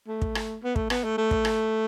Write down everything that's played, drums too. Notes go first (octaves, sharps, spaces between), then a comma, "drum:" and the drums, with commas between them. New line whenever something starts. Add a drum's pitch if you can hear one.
A3
drum: kick
drum: rim click
B3
A3, drum: kick
B3, drum: rim click
A3
A3
drum: kick
drum: rim click